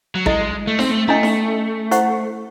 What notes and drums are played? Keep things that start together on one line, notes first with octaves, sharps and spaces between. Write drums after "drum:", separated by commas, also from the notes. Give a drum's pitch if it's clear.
F#3
G#3 E4 A4 D#5, drum: kick A1
A3
C4, drum: snare D#4
A3
A3 C#4 E4 A4 D#5 G#5
drum: snare D#4
E4 C5 F#5 C#6, drum: hi-hat